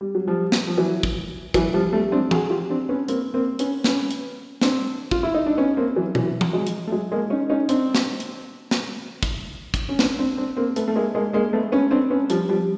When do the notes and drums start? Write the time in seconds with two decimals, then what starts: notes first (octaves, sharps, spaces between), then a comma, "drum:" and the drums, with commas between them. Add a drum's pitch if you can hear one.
0.01 G3
0.15 F#3
0.28 F3 G3
0.52 drum: snare
0.67 F3
0.77 E3 F#3
1.03 drum: kick
1.54 E3 F#3, drum: kick, hi-hat
1.74 F3 G3
1.93 G3 A3
2.12 C4 D4
2.31 F#4 G#4, drum: tom
2.50 F4 G4
2.70 C4 D4
2.89 B3 C#4
3.08 A#3 C4, drum: hi-hat
3.34 A#3 C4
3.59 B3 C#4, drum: hi-hat
3.84 B3 C#4, drum: snare
4.11 drum: hi-hat
4.61 C4 D4, drum: snare
5.11 F4, drum: kick
5.23 E4
5.34 D#4
5.46 D4
5.57 B3 C#4
5.77 A#3 C4
5.96 E3 F#3
6.15 E3 F#3, drum: tom B2
6.41 drum: tom
6.53 F#3 G#3
6.67 drum: hi-hat
6.87 A3
6.92 F#3 G#3
7.12 G#3 A#3
7.30 C#4 D#4
7.50 C#4 D#4
7.69 C4 D4, drum: hi-hat
7.95 drum: snare
8.20 drum: hi-hat
8.71 drum: snare
9.23 drum: kick, hi-hat
9.74 drum: kick, hi-hat
9.89 C#4
9.99 C4 D4, drum: snare
10.18 C4 D4
10.37 C4 D4
10.57 A#3 C4
10.76 A3 B3, drum: hi-hat
10.88 A3
10.96 G#3 A#3
11.15 G#3 A#3
11.33 G#3 A#3
11.53 A3 B3
11.72 B3 C#4
11.91 C4 D4
12.10 B3 C#4
12.30 F3 G3, drum: hi-hat
12.49 F3 G3